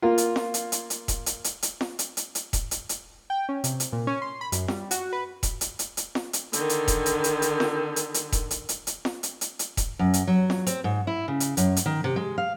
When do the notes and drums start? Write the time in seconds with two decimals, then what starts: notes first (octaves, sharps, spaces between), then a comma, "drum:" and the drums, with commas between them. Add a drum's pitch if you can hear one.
0.02 A#3 F4
0.18 drum: hi-hat
0.36 drum: snare
0.54 drum: hi-hat
0.72 drum: hi-hat
0.90 drum: hi-hat
1.08 drum: kick E1, hi-hat
1.26 drum: hi-hat
1.44 drum: hi-hat
1.62 drum: hi-hat
1.81 drum: snare
1.99 drum: hi-hat
2.17 drum: hi-hat
2.35 drum: hi-hat
2.53 drum: kick E1, hi-hat
2.71 drum: hi-hat
2.89 drum: hi-hat
3.30 G5
3.49 C#4
3.64 C3, drum: hi-hat
3.80 drum: hi-hat
3.93 A#2
4.07 C#4
4.22 C6
4.41 B5
4.52 F#2, drum: hi-hat
4.68 G3, drum: snare
4.91 F#4, drum: hi-hat
5.13 B4
5.43 drum: kick E1, hi-hat
5.61 drum: hi-hat
5.79 drum: hi-hat
5.97 drum: hi-hat
6.15 drum: snare
6.33 drum: hi-hat
6.53 D3 D#3, drum: hi-hat
6.69 drum: hi-hat
6.88 drum: kick E1, hi-hat
7.06 drum: hi-hat
7.24 drum: hi-hat
7.42 drum: hi-hat
7.60 drum: snare
7.96 drum: hi-hat
8.14 drum: hi-hat
8.32 drum: kick E1, hi-hat
8.51 drum: hi-hat
8.69 drum: hi-hat
8.87 drum: hi-hat
9.05 drum: snare
9.23 drum: hi-hat
9.41 drum: hi-hat
9.59 drum: hi-hat
9.77 drum: kick E1, hi-hat
9.99 F#2
10.14 drum: hi-hat
10.27 F#3
10.50 drum: snare
10.67 C4, drum: hi-hat
10.84 G#2
11.07 E4
11.28 C#3
11.40 drum: hi-hat
11.57 F#2, drum: hi-hat
11.76 drum: hi-hat
11.86 D#3
12.04 C3
12.16 G#3
12.38 F5